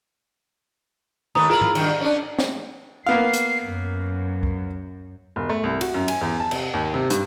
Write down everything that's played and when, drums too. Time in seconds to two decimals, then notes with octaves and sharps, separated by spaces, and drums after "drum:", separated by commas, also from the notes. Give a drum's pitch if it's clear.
1.35 D#2 A3 B4 A#5 D#6 F7
1.49 E4 F4 G#4 A#4 A#5 F#7
1.61 drum: tom G#2
1.75 G2 D#3, drum: cymbal
2.01 C#4 D4
2.39 drum: snare
3.06 A#3 B3 F5 C7
3.33 drum: hi-hat
3.67 F#2
4.43 drum: kick C#2
5.36 E1
5.49 A3
5.64 C2
5.81 F#4, drum: cymbal
5.94 F#2
6.08 G#5, drum: cymbal
6.21 E2
6.40 A5
6.51 C3, drum: cymbal
6.74 D#2
6.94 C3
7.10 G2, drum: hi-hat